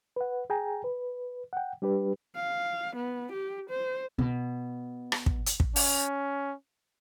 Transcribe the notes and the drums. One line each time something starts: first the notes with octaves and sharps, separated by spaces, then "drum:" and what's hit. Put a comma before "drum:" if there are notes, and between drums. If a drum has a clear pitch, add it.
B4 F#5
G#4 G5 G#5 A#5
B4
F#5 G5
G3 D4 G4 B4
F5
B3
G4
C5
B2
drum: rim click
drum: kick
drum: hi-hat
drum: kick
C#4, drum: open hi-hat